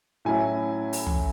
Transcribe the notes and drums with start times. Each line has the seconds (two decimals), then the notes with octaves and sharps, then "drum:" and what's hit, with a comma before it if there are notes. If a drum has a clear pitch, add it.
0.25 A2 F#3 C#4 E4 G#5
0.93 drum: open hi-hat
1.06 drum: tom